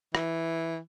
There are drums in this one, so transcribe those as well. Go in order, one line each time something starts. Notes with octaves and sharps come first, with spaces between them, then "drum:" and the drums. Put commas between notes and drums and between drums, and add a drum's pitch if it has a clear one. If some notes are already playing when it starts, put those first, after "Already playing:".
E3, drum: rim click